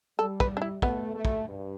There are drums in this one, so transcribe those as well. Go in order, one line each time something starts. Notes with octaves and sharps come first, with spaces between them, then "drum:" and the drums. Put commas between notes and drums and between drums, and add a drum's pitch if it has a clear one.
G3 A4
B4, drum: kick
D4
E4
A3 B3, drum: kick
A3
drum: kick
G2